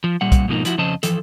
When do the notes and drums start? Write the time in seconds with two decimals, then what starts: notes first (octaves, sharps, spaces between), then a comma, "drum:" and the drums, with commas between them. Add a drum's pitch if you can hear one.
0.04 F3
0.21 A#2 G3 F#5
0.32 drum: kick B1, hi-hat
0.48 G#2 B2 F3 A#3 D#4
0.65 F3 E4 F#4, drum: hi-hat
0.78 F2 C#3 F3 C5 D#5 A5
1.03 E3 F3 A4, drum: hi-hat